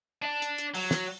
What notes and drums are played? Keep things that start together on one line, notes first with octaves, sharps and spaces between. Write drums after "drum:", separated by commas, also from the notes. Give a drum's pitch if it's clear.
D4
drum: hi-hat
drum: hi-hat
F#3, drum: open hi-hat
drum: snare